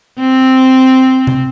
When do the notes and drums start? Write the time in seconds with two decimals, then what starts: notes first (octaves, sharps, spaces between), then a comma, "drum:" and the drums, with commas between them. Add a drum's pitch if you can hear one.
0.19 C4
1.27 drum: tom C3